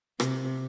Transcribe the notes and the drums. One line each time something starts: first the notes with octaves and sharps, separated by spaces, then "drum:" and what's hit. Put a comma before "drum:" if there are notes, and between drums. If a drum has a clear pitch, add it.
C3, drum: rim click